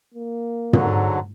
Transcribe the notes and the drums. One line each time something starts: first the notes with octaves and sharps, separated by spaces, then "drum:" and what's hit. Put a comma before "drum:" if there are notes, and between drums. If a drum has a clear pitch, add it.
A#3
G#2 D3 F#3, drum: tom